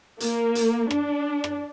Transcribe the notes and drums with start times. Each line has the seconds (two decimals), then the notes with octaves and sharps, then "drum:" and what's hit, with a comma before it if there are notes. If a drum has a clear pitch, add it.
0.20 A#3, drum: hi-hat
0.55 drum: hi-hat
0.91 D4, drum: rim click
1.44 drum: rim click